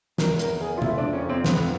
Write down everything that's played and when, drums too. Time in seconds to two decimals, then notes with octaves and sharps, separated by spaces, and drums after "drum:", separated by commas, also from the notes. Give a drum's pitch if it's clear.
0.18 E2 A#4, drum: snare
0.39 A#4, drum: hi-hat
0.61 G#4
0.78 F4
0.82 F2 E4, drum: tom
0.98 D4
1.13 C#4
1.29 C4
1.45 B3, drum: snare